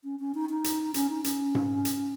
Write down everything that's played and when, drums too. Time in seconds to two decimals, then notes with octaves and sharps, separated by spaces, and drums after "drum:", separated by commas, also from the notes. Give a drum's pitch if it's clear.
0.04 C#4
0.20 C#4
0.35 D#4
0.49 D#4
0.64 drum: hi-hat
0.94 C#4, drum: hi-hat
1.10 D#4
1.24 C#4, drum: hi-hat
1.55 drum: tom G#2
1.85 drum: hi-hat